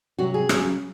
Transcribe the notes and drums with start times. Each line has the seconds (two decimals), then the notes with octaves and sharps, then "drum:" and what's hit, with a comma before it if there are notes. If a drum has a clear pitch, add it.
0.19 C3 F#3 F#4
0.34 G#4
0.49 C#3 F#3, drum: rim click